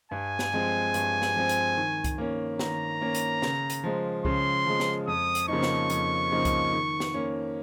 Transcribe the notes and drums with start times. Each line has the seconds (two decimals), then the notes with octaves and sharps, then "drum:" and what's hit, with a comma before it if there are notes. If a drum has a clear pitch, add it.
0.11 G2 G#5
0.39 drum: snare
0.53 F3 G#3 C4
0.94 G2, drum: hi-hat
1.22 drum: snare
1.36 F3 G#3 C4
1.49 drum: hi-hat
1.76 D#3
2.04 drum: kick C2, hi-hat
2.18 A#3 C#4
2.59 D#3 A#5, drum: snare
3.01 A#3 C#4
3.15 drum: hi-hat
3.42 C#3, drum: snare
3.70 drum: hi-hat
3.84 F3 G#3
4.25 C#3 C6, drum: kick C2
4.66 F3 G#3
4.80 drum: snare
5.07 F2 D#6
5.35 drum: hi-hat
5.48 C#3 F3 A#3 D#4 C#6
5.63 drum: snare
5.90 F2, drum: hi-hat
6.32 C#3 F3 A#3 D#4
6.45 drum: kick C2, hi-hat
6.73 D#3
7.00 drum: snare
7.14 A#3 C#4